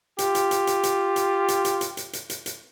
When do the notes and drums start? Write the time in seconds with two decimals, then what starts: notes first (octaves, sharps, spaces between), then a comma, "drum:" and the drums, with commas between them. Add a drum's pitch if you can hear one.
0.18 F4 G4, drum: hi-hat
0.35 drum: hi-hat
0.51 drum: hi-hat
0.67 drum: hi-hat
0.83 drum: hi-hat
1.16 drum: hi-hat
1.48 drum: hi-hat
1.65 drum: hi-hat
1.81 drum: hi-hat
1.97 drum: hi-hat
2.13 drum: hi-hat
2.30 drum: hi-hat
2.46 drum: hi-hat